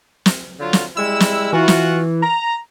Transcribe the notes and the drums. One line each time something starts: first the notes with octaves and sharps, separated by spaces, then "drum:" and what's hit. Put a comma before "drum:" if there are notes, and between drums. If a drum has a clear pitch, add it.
drum: snare
D3 F#3 F4
drum: snare
G3 G#3 E4 E6
drum: snare
E3 F4 F#4
drum: snare
A#5